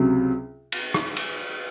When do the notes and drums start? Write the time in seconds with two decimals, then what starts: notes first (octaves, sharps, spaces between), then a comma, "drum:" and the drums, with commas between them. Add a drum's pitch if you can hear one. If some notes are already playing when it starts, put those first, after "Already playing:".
Already playing: C#2 C3 F#3
0.72 drum: cymbal
0.94 drum: rim click
1.17 drum: cymbal